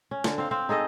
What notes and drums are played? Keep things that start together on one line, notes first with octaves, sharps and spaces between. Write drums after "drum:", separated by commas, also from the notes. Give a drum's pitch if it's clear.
C#4
D3, drum: snare
C4 F5
C4 F5
D#4 G#4 A4 D#5